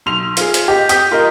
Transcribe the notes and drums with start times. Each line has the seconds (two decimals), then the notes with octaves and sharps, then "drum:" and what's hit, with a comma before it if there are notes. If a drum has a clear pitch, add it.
0.06 B1 C6 F7
0.37 F4 G#4, drum: hi-hat
0.54 drum: hi-hat
0.68 G4 D#5
0.89 G4 D#6 G6 B6, drum: hi-hat
1.11 F4 A#4 D#5